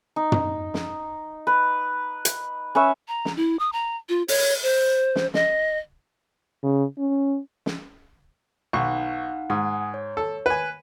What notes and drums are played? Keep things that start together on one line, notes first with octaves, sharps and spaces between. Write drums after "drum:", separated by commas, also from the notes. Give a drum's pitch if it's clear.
D#4
drum: tom
drum: snare
B4
drum: hi-hat
C#4 B4 C#5 E5
A#5
drum: snare
E4
D#6
A#5
F4
C#5, drum: open hi-hat
C5
drum: snare
D#5, drum: snare
C#3
C#4
drum: snare
B1 D#4 F5 F#5 C#6
G#2 F#5 G#5 D#6
C#5
A4
B4 G#5